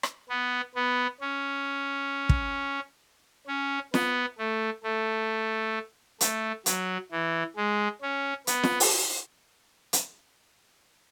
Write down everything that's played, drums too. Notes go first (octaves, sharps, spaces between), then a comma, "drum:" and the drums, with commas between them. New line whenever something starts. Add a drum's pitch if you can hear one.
drum: rim click
B3
B3
C#4
drum: kick
C#4
B3, drum: snare
A3
A3
A3, drum: hi-hat
F#3, drum: hi-hat
E3
G#3
C#4
B3, drum: hi-hat
drum: snare
drum: open hi-hat
drum: hi-hat